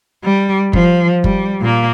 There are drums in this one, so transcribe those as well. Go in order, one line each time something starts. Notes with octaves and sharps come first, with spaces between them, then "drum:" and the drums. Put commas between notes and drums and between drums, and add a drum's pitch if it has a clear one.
G3
F3, drum: kick
G3, drum: kick
A#2 A#3